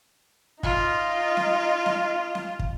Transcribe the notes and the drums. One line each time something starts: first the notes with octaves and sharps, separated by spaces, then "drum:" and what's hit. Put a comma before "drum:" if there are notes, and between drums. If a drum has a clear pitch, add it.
D#4 F4, drum: kick
drum: snare C4
drum: snare C4
drum: snare C4
drum: kick